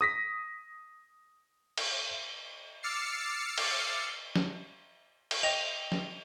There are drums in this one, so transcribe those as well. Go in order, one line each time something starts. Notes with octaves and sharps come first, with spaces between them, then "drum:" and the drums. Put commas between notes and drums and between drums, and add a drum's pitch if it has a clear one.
D#6 A#6 B6
drum: cymbal
D6 E6 F6 A6 C7 C#7
drum: cymbal
drum: snare
drum: cymbal
D#5 G5 A#6 F7
drum: snare